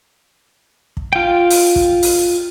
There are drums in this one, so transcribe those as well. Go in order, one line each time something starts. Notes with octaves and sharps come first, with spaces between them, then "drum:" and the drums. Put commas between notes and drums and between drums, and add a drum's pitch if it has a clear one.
drum: kick
F4 G5
drum: open hi-hat
drum: kick
drum: open hi-hat